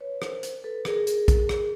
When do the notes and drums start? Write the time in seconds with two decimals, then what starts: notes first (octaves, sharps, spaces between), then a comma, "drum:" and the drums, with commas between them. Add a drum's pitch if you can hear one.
0.01 B4 C#5
0.22 A#4 C5, drum: rim click
0.43 drum: hi-hat
0.64 A4 B4
0.85 G#4 A#4, drum: rim click
1.07 G#4 A#4, drum: hi-hat
1.28 drum: kick, hi-hat
1.49 drum: rim click